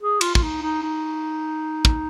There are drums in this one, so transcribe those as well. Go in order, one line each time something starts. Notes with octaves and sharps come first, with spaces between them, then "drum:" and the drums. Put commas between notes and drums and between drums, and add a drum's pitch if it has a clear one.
G#4
F4, drum: cymbal
F4, drum: kick
D#4
D#4
D#4
drum: kick